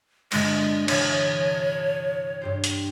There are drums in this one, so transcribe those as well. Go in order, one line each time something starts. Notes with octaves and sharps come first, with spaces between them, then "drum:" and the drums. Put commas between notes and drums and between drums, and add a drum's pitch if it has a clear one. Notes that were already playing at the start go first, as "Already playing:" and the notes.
G2 A#2 D3 G#3, drum: cymbal
C3 E3 C#5, drum: cymbal
G2 G4 C5
drum: hi-hat